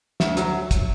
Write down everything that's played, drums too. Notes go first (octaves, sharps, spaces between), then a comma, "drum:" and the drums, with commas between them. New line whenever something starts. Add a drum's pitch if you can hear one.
D2 E5, drum: snare
F#3, drum: hi-hat
drum: kick, hi-hat